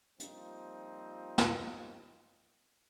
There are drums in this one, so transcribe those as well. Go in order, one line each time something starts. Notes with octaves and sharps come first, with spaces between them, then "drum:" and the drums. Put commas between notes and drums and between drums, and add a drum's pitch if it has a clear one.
F3 G3 A#3 C4 D#4 F4, drum: hi-hat
drum: snare